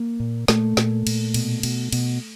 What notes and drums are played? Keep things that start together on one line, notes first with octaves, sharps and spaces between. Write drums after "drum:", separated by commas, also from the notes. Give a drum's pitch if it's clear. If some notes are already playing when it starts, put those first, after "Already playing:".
Already playing: A#3
A#2
A#2 A3, drum: snare
A#2, drum: snare
A#2, drum: cymbal
B2, drum: cymbal
B2, drum: cymbal
B2, drum: cymbal